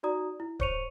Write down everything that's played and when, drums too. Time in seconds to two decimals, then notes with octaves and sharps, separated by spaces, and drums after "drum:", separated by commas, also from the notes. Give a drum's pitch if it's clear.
0.03 D#4 F#4 D5 A#5 D#6
0.40 E4
0.60 C5 C#5 C#6 C#7 D#7 F7, drum: kick D1